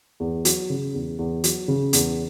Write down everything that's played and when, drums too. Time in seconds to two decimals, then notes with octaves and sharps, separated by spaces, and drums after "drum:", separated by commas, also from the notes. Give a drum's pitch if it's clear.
0.20 E2
0.45 F#3, drum: hi-hat
0.70 C#3
0.94 E2
1.19 E2
1.44 F#3, drum: hi-hat
1.68 C#3
1.93 E2, drum: hi-hat